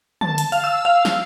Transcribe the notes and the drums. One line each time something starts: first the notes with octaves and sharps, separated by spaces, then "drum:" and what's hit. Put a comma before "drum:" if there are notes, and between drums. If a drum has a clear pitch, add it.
A5, drum: tom
drum: hi-hat
F5, drum: open hi-hat
E6
F5
drum: snare